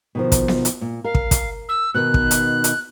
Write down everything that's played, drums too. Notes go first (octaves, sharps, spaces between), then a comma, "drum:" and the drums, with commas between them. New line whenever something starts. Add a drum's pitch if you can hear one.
B2 D#3 F3
drum: kick, hi-hat
drum: snare B3
drum: hi-hat
A#2
A#4 F5
drum: kick
drum: kick, hi-hat
E6
B2 D#3 F#6
drum: kick
drum: hi-hat
drum: hi-hat